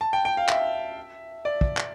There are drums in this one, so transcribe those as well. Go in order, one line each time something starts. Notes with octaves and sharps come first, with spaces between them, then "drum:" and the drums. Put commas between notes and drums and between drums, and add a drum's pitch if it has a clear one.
A5
G5
G5
F5
E5, drum: clap
D5
drum: kick
drum: clap